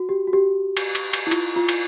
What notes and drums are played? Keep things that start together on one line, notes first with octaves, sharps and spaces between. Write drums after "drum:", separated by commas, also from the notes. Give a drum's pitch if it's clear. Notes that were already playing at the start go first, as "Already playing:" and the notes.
Already playing: F#4
G4
F#4
G4
drum: cymbal
drum: cymbal
drum: cymbal
E4
F4, drum: cymbal
F4
drum: cymbal